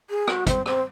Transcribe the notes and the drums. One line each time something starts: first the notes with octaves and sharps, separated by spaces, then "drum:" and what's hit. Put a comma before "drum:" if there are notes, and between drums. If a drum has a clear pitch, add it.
G#4
F#4, drum: rim click
C4, drum: kick, hi-hat
C4, drum: rim click